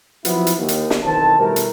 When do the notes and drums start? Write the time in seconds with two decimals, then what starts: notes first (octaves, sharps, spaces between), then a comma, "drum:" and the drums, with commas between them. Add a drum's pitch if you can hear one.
0.25 F3 F#3 B3 C4 E4, drum: hi-hat
0.47 drum: hi-hat
0.58 D#2
0.68 drum: hi-hat
0.90 drum: snare
1.04 B1 D#3 E3 C4 A5
1.39 B2 G3 A3 E4 G4 A#4
1.56 drum: hi-hat